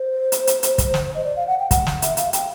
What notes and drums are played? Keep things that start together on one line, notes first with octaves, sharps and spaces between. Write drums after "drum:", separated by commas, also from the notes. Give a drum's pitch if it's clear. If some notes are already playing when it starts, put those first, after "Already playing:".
Already playing: C5
drum: hi-hat
drum: hi-hat
drum: hi-hat
drum: kick, hi-hat
drum: snare
D#5
D5
F5
F#5
G5
F#5, drum: kick, hi-hat
drum: snare
E5, drum: hi-hat
F5, drum: hi-hat
G5, drum: hi-hat